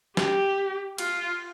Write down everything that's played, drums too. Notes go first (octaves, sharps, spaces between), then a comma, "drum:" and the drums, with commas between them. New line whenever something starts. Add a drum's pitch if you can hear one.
G4, drum: snare
F4, drum: cymbal